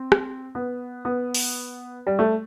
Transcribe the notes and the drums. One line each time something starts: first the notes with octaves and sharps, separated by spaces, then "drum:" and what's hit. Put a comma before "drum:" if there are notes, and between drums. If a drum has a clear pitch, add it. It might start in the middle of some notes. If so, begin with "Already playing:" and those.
Already playing: C4
drum: rim click
B3
B3
drum: open hi-hat
G3
A3